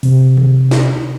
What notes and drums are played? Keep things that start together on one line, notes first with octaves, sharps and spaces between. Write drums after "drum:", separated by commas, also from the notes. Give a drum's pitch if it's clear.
C3, drum: open hi-hat
drum: tom D3
drum: snare